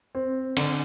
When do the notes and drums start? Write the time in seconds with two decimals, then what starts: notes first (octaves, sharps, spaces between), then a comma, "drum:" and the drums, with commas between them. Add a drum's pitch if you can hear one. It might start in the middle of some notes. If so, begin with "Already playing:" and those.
0.15 C4
0.57 D3, drum: cymbal